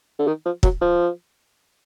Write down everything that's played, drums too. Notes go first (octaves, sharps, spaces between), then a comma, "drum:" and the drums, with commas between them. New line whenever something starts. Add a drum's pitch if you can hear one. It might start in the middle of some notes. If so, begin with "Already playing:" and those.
D3
D#3
F3
F#3, drum: kick
F3